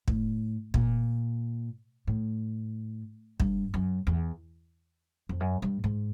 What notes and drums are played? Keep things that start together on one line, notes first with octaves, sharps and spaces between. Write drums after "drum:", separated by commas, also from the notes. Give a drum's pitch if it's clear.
A2, drum: kick
A#2, drum: kick
A2
G2, drum: kick
F#2
E2
F2
F#2
G2
G#2